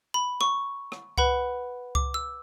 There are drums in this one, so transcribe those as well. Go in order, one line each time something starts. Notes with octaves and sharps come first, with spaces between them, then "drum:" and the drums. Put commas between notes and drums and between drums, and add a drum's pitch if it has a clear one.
B5
C#6, drum: rim click
drum: rim click
B4 F#5 B5, drum: kick C#2
D6, drum: kick C#2
E6